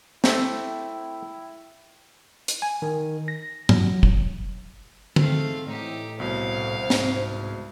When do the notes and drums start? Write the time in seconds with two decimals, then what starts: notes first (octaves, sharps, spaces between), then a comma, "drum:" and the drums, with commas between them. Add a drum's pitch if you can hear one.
0.24 A3 C4 E4 G4 G5, drum: snare
2.48 drum: hi-hat
2.62 G#5
2.82 D#3
3.28 A#6
3.69 F#3, drum: tom G2
4.03 drum: kick
5.16 G#2 A3 C4 F5, drum: tom
5.67 A2 E3 D#4 G4
6.20 C2 B2 C5 F5
6.90 G#2, drum: snare